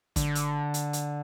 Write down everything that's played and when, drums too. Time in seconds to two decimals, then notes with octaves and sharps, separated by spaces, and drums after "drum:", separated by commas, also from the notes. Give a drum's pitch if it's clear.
0.16 D3, drum: kick, hi-hat
0.35 drum: hi-hat
0.74 drum: hi-hat
0.93 drum: hi-hat